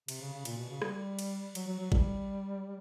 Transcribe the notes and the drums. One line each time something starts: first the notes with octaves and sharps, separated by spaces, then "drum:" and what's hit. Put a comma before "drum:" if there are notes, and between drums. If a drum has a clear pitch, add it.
C3, drum: cymbal
C#3
C#3
A#2, drum: cymbal
B2
C#3
G3, drum: rim click
drum: cymbal
F#3, drum: cymbal
F#3
F#3
G3, drum: kick G1